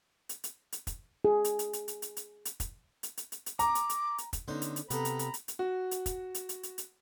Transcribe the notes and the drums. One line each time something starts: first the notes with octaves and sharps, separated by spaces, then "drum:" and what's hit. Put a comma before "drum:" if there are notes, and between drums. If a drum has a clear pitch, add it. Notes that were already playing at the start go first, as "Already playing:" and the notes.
drum: hi-hat
drum: hi-hat
drum: hi-hat
drum: kick, hi-hat
G#4
drum: hi-hat
drum: hi-hat
drum: hi-hat
drum: hi-hat
drum: hi-hat
drum: hi-hat
drum: hi-hat
drum: kick, hi-hat
drum: hi-hat
drum: hi-hat
drum: hi-hat
drum: hi-hat
A#5 D6, drum: hi-hat
drum: hi-hat
drum: hi-hat
drum: hi-hat
drum: kick, hi-hat
D3 B3 C#4 D#4 C5
drum: hi-hat
drum: hi-hat
C3 B3 A4 A#5 B5, drum: hi-hat
drum: hi-hat
drum: hi-hat
drum: hi-hat
drum: hi-hat
F#4
drum: hi-hat
drum: kick, hi-hat
drum: hi-hat
drum: hi-hat
drum: hi-hat
drum: hi-hat